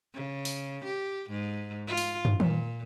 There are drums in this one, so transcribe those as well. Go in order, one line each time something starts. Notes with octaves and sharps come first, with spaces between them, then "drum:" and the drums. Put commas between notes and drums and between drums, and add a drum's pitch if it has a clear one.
C#3
drum: open hi-hat
G4
G#2
F4
drum: open hi-hat
drum: tom
A#2, drum: tom D#3